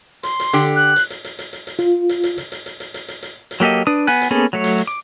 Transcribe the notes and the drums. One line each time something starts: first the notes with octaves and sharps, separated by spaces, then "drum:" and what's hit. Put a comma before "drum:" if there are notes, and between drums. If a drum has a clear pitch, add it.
C6, drum: hi-hat
drum: hi-hat
D3 G4, drum: hi-hat
F#6
drum: hi-hat
drum: hi-hat
drum: hi-hat
drum: hi-hat
drum: hi-hat
drum: hi-hat
F4, drum: hi-hat
drum: hi-hat
drum: hi-hat
drum: hi-hat
drum: hi-hat
drum: hi-hat
drum: hi-hat
drum: hi-hat
drum: hi-hat
drum: hi-hat
drum: hi-hat
F#3 A#3 G4 A4 D#5
D4 B4 D#6
B3 G#5 F#6, drum: hi-hat
drum: hi-hat
A#3 B3 C#4 G#4 A4
F#3 A3 C#5
drum: hi-hat
drum: hi-hat
D6